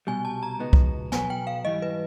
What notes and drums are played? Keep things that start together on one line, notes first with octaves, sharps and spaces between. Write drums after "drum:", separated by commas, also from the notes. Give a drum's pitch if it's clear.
C2 B2 G3 G#5
A5
A#5
C#2 B2 G#3 B3 D#4
drum: kick
B1 B2 F#3 B3 G#5, drum: snare
G5
F5
G#2 E3 G3 D#5
B4